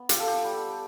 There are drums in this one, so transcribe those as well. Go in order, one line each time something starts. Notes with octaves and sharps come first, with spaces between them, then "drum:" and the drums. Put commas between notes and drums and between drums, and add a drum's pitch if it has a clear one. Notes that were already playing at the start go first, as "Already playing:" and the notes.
Already playing: B3
F4 G4, drum: hi-hat
A4
G4
G3